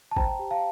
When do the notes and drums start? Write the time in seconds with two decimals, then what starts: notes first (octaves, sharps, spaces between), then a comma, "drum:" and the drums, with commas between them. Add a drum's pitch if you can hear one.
0.11 A5
0.17 C5 G5 A#5, drum: kick G1
0.39 G4
0.51 F5 A5